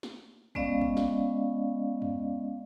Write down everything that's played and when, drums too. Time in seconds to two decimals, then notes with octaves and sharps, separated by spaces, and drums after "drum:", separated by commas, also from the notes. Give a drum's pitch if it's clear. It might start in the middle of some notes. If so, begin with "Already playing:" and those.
0.03 drum: snare
0.55 G#3 B3 C#4 D5 D#5 F5, drum: kick
0.81 drum: kick
0.97 drum: snare
2.02 drum: tom E2